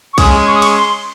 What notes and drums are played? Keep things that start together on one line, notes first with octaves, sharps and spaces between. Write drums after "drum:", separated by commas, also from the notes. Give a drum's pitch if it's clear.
C#6
G#3 C#4 G#4 D#6, drum: kick B1, cymbal
C#6
D#6
C#6, drum: cymbal
C6